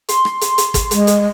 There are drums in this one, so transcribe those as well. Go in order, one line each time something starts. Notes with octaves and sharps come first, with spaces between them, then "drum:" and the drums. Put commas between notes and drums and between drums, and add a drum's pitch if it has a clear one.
C6, drum: hi-hat
drum: rim click
drum: hi-hat
drum: hi-hat
drum: kick, hi-hat
G#3, drum: hi-hat
drum: hi-hat